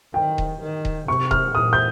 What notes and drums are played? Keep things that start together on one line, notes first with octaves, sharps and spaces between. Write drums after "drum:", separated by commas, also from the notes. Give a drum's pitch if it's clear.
D#3 G5
drum: kick D#1
D#3
drum: kick D#1
C3 C#6
F6, drum: kick D#1
A#2 D#6
G6